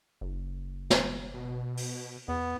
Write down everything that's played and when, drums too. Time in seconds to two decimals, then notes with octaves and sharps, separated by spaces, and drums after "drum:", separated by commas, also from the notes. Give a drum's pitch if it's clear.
0.21 F#1
0.90 drum: snare
1.34 B2
1.77 drum: open hi-hat
2.28 E2 B3